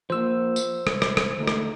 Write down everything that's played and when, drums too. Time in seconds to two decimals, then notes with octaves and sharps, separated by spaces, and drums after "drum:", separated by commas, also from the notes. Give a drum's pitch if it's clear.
0.10 F3 A#3 C5 E6
0.56 drum: tambourine
0.87 C2, drum: rim click
1.02 drum: rim click
1.17 drum: rim click
1.38 D2 A3 D#4
1.48 drum: rim click